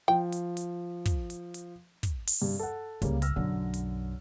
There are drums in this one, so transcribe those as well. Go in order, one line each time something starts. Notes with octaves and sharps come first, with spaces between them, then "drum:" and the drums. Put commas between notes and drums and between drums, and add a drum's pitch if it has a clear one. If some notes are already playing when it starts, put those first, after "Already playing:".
F3 G5
drum: hi-hat
drum: hi-hat
drum: kick, hi-hat
drum: hi-hat
drum: hi-hat
drum: kick, hi-hat
drum: open hi-hat
G2 C3
A4 F#5
C#2 C#3 G3 A#3, drum: hi-hat
E6 F6 A#6, drum: hi-hat
B1 F#2 D3
drum: hi-hat